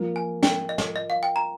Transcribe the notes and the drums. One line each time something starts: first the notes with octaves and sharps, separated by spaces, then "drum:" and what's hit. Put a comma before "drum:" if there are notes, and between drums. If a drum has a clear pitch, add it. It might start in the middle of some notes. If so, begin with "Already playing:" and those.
Already playing: F3 A#3 F4
G#5
G5, drum: snare
D#5
drum: snare
D#5
F5
G5
A#5